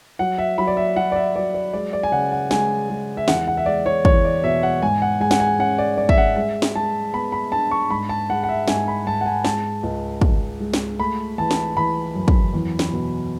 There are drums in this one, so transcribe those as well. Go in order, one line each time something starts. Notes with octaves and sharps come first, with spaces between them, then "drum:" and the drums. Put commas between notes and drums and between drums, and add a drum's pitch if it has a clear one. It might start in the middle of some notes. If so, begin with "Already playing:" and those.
F#3 F#5
E5
F#3 B5
D5
E5
F#3 F#5
D5
E5
F#3 D5
D5
G#3 D5
D5
G#5
C#3 F#5
F#5
G#3 G#5, drum: snare
G#3
E5
E2 F#5, drum: snare
F#5
E5
G#3 D5
C#5
E2 C#5, drum: kick
D5
B2 E5
F#5
G#2 G#5
F#5
G#3 G#5
F#5, drum: snare
G#5
C#4 F#5
D5
G#2 D5
E5, drum: kick
F#5
G#3 E5
drum: snare
G#3 A5
B3 B5
B5
D4 A5
C#6
G#2 B5
A5
G#3 F#5
F#5
E5
G#2 G#5, drum: snare
B5
G#2 A5
F#5
G#5
G#3 A5, drum: snare
C#2
G#3, drum: kick
G#3
drum: snare
A3 B5
E3 A5
drum: snare
E3 B5
F#2
drum: kick
E2
drum: snare
B2